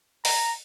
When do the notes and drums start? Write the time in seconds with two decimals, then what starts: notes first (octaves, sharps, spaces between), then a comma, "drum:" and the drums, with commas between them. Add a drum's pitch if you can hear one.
0.25 A#5, drum: open hi-hat